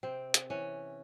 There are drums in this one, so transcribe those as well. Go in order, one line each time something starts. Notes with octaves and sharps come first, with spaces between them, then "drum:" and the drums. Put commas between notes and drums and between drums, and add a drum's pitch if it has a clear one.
C3 C4
drum: hi-hat
E3 C#4